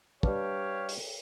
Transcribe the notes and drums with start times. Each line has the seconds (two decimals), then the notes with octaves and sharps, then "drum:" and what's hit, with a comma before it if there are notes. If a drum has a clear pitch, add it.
0.23 G3 D4 G4 B4 C#5 F5, drum: kick
0.89 drum: open hi-hat